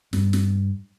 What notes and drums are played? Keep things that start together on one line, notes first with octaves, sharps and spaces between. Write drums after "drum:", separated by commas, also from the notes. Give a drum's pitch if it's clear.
G2, drum: snare
drum: snare